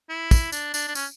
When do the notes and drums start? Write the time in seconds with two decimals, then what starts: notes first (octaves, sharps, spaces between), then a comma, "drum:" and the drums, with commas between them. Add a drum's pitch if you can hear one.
0.10 E4
0.31 drum: kick, tambourine
0.52 D4, drum: tambourine
0.74 D4, drum: tambourine
0.88 D4
0.95 C#4, drum: tambourine